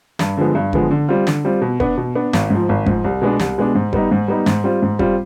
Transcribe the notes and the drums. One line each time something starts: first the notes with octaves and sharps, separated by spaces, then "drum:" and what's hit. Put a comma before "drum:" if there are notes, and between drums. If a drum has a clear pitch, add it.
G2, drum: snare
D3 F3 G#3 B3
G2
D3 F3 G#3 B3, drum: kick F1
D3
G3 C4 F4
D3, drum: snare
G3 C4 F4
B2
B3 D4, drum: kick F1
B2
B3 D4
G#1, drum: snare
G#2 F3
G#1
G#2 F3, drum: kick F1
C2
B2 G#3 B3 D4
C2, drum: snare
B2 G#3 B3 D4
G#2
G3 B3 D#4, drum: kick F1
G#2
G3 B3 D#4
G#2, drum: snare
G3 C4 F4
G#2
G3 C4 F4, drum: kick F1